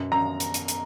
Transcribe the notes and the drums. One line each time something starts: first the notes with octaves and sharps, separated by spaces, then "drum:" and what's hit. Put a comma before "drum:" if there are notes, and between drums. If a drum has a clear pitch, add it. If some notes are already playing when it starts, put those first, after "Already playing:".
Already playing: F#2 B2
F#2 A#5
drum: hi-hat
drum: hi-hat
drum: hi-hat